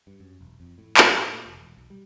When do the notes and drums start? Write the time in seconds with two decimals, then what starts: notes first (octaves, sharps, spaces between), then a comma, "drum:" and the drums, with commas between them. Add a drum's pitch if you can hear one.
0.07 G2
0.20 F#2
0.41 E1
0.60 F2
0.78 A2
0.97 B1, drum: clap
1.19 A2
1.34 A#2
1.46 F1
1.60 E1
1.77 B1
1.90 G3